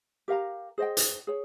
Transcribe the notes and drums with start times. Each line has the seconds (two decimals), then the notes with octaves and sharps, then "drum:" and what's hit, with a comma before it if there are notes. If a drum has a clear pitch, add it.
0.28 G4 A#4 F5 A#5
0.78 G#4 C5 D#5 G5
0.97 drum: hi-hat
1.27 G#4 C#5